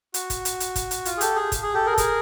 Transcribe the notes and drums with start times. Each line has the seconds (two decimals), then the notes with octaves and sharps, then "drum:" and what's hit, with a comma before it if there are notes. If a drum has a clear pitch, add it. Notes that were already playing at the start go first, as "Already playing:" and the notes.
0.14 F#4, drum: hi-hat
0.30 drum: kick, hi-hat
0.45 drum: hi-hat
0.60 drum: hi-hat
0.76 drum: kick, hi-hat
0.91 drum: hi-hat
1.05 F4, drum: hi-hat
1.17 G#4
1.21 G4 A4, drum: hi-hat
1.36 G#4
1.52 drum: kick, hi-hat
1.63 G#4
1.74 G4 A4
1.86 G#4 A#4
1.93 A4
1.98 G#4 A#4, drum: kick, hi-hat